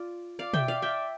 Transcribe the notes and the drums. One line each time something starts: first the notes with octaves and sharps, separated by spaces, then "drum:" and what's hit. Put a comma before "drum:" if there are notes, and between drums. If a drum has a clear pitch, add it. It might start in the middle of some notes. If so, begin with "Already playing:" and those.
Already playing: F4 D5
D5 F5
E5 G5, drum: tom
D5 F5
E5 G5